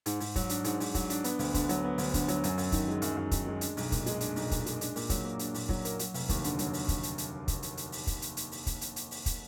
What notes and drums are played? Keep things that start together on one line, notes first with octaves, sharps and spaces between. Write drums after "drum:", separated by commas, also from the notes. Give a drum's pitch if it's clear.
G#2, drum: hi-hat
G#2, drum: open hi-hat
F#3, drum: kick, hi-hat
D4, drum: hi-hat
G#2, drum: hi-hat
G#2, drum: open hi-hat
F#3, drum: kick, hi-hat
D4, drum: hi-hat
B3, drum: hi-hat
D2, drum: open hi-hat
D3, drum: kick, hi-hat
F#3, drum: hi-hat
B3
D2, drum: open hi-hat
D3, drum: kick, hi-hat
F#3, drum: hi-hat
F#2, drum: hi-hat
F#2, drum: open hi-hat
D#3, drum: kick, hi-hat
G#3
F#2, drum: hi-hat
F#2
D#3, drum: kick, hi-hat
G#3
D4, drum: hi-hat
B1, drum: open hi-hat
A#2, drum: kick, hi-hat
G#3, drum: hi-hat
D4, drum: hi-hat
B1, drum: open hi-hat
A#2, drum: kick, hi-hat
G#3, drum: hi-hat
D4, drum: hi-hat
A#2, drum: open hi-hat
F#3, drum: kick, hi-hat
A#3
D4, drum: hi-hat
A#2, drum: open hi-hat
F#3, drum: kick
A#3, drum: hi-hat
F#3, drum: hi-hat
F1, drum: open hi-hat
D#2, drum: kick, hi-hat
D3, drum: hi-hat
F#3, drum: hi-hat
drum: open hi-hat
drum: kick, hi-hat
drum: hi-hat
drum: hi-hat
drum: kick, hi-hat
drum: hi-hat
drum: hi-hat
drum: open hi-hat
drum: kick, hi-hat
drum: hi-hat
drum: hi-hat
drum: open hi-hat
drum: kick, hi-hat
drum: hi-hat
drum: hi-hat
drum: open hi-hat
drum: kick, hi-hat